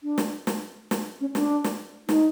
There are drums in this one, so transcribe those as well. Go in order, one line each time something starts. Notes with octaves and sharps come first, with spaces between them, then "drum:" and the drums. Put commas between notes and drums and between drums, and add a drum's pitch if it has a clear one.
D4
drum: snare
drum: snare
drum: snare
C#4
D4, drum: snare
drum: snare
D#4, drum: snare